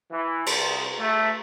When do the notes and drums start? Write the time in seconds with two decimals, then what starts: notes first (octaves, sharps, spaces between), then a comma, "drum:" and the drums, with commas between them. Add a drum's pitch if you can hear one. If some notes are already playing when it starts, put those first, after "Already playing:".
0.11 E3
0.46 C2, drum: cymbal
0.98 A3